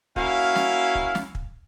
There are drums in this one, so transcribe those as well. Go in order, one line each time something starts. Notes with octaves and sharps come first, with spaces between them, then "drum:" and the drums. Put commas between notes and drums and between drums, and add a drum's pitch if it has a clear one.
A#3 C#4 E4 F#4 F5, drum: kick
drum: snare
drum: kick
drum: snare
drum: kick